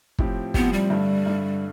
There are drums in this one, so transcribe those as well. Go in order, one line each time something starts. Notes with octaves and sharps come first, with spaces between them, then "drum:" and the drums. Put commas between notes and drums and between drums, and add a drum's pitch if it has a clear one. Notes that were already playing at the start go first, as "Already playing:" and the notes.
A2 F3 C4 G4, drum: kick
A2 F3 B3 C4 G4, drum: kick
G3
G2 D3 A3
G2 D3 A3